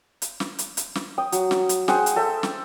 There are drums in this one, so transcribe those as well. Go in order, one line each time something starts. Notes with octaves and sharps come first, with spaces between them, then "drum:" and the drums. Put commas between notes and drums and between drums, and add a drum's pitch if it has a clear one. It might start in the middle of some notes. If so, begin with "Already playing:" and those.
drum: hi-hat
drum: snare
drum: hi-hat
drum: hi-hat
drum: snare
G5 D#6
F#3, drum: hi-hat
drum: snare
drum: hi-hat
G#4 C5 F#5 G5, drum: snare
drum: hi-hat
A4 E5 G5
drum: snare